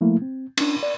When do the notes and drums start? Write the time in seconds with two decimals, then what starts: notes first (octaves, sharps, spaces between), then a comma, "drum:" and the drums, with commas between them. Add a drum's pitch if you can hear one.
0.01 F3 A3 A#3 E4
0.22 C4
0.57 C#4 D4, drum: cymbal
0.83 D5